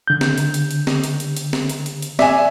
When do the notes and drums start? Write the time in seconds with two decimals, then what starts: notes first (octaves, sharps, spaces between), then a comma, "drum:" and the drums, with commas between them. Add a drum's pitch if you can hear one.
0.07 D3 G6
0.21 drum: snare
0.38 drum: hi-hat
0.54 drum: hi-hat
0.71 drum: hi-hat
0.87 drum: snare
1.04 drum: hi-hat
1.20 drum: hi-hat
1.37 drum: hi-hat
1.53 drum: snare
1.69 drum: hi-hat
1.86 drum: hi-hat
2.02 drum: hi-hat
2.19 D5 E5 G#5, drum: snare